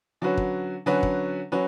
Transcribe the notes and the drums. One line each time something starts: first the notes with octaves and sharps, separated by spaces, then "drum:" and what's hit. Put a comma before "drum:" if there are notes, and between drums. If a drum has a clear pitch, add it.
D3 F#3 C#4 F#4 B4
drum: kick
D3 F#3 C#4 F#4 B4
drum: kick
F#3 C#4 F#4 B4